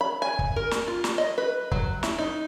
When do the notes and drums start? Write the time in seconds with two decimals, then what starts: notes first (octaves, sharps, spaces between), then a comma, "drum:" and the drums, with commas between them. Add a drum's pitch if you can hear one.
0.01 B5
0.22 G#5
0.39 drum: kick
0.56 A#4
0.71 drum: snare
0.88 F4
1.04 drum: snare
1.18 D#5
1.38 B4
1.72 F#3, drum: kick
2.03 E4, drum: snare
2.18 D#4